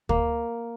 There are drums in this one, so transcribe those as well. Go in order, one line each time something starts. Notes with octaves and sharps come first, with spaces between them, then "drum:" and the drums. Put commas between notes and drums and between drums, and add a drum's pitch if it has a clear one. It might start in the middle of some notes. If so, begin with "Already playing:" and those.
A#3, drum: kick